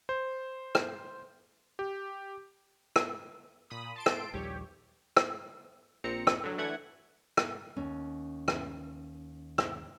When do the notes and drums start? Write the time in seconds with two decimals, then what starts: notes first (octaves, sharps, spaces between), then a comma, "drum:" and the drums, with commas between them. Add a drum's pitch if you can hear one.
0.09 C5
0.75 drum: rim click
1.79 G4
2.96 drum: rim click
3.70 A#2 B5 D#6
3.96 A5 C6 D7
4.06 drum: rim click
4.34 A#1 D#2 G3 G4 C#5
5.17 drum: rim click
6.04 A#1 C4 A#5 C#7
6.27 drum: rim click
6.44 D3 F#3
6.58 D3 E3 A3 F#5 G#6
7.37 drum: rim click
7.76 D#2 C#4
8.48 drum: rim click
9.58 drum: rim click